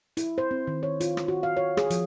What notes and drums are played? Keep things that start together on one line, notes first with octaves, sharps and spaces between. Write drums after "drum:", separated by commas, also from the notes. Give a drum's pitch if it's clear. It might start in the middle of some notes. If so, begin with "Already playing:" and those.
E4, drum: hi-hat
C5
C4
D#3
C#5
F4, drum: hi-hat
drum: rim click
F#4
F5
C#5
G#4, drum: rim click
F3, drum: hi-hat